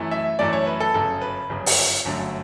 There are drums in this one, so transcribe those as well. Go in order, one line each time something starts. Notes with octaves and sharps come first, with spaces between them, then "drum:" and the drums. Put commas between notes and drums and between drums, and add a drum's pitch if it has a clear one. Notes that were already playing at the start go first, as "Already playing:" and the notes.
Already playing: F#2 E3 A3
E5
F#2 E3 A3 D5
C#5
B4
A4
G1 F#2 C#3 A4
B4
G1 F#2 C#3
drum: open hi-hat
G1 F#2 D3 F#3 A3